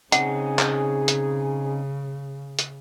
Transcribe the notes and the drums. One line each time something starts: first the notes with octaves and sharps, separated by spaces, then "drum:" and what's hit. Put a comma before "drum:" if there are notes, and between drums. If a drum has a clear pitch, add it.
C#3 C4 C#4 D#4 G#4 F#5, drum: hi-hat
drum: clap
drum: hi-hat
drum: hi-hat